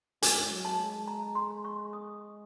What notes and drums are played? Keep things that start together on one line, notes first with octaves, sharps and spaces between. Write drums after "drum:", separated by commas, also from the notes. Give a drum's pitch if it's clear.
G#3 G#5, drum: hi-hat
F#3
A5
G#3
A#5
C6
C#6
D#6